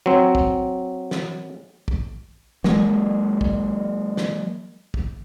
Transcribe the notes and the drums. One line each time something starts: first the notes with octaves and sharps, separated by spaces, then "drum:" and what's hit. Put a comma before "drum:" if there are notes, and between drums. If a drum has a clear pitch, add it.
F#3 C4
drum: kick
drum: snare
drum: kick
F#3 G#3 A#3, drum: snare
drum: kick
drum: snare
drum: kick